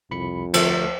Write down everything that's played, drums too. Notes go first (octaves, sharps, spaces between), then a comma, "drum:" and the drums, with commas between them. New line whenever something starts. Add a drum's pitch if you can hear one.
C2 F2 B5 C#7
D2 F3 A3 C5 C#7, drum: cymbal